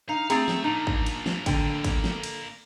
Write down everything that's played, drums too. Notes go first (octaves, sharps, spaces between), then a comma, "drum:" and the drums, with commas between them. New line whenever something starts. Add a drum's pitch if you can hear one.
D#4 F5
A3 C4 G#4 A#5, drum: cymbal
drum: snare
A#3 D4 D#4
drum: kick
drum: cymbal
drum: snare
D3 G5, drum: kick, cymbal
drum: kick, cymbal
drum: snare
drum: cymbal